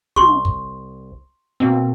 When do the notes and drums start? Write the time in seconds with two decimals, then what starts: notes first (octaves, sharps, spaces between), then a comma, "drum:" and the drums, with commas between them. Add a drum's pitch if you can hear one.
0.16 C2 C6 C#6, drum: tom
0.45 drum: kick
1.60 B2 A#3 C4